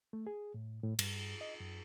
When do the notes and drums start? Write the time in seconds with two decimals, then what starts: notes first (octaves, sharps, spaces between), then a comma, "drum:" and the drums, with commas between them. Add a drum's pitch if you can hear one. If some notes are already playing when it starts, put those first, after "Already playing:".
0.13 A3
0.27 G#4
0.54 A2
0.83 A2
0.99 G2, drum: cymbal
1.41 D#5
1.60 F#2